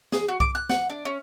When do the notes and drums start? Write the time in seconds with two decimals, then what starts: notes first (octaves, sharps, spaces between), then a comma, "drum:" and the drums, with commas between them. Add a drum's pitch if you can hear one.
0.12 G#4, drum: snare
0.28 F#4
0.40 D6, drum: kick C2
0.55 F#6
0.69 F#5, drum: snare
0.90 D4
1.05 C#4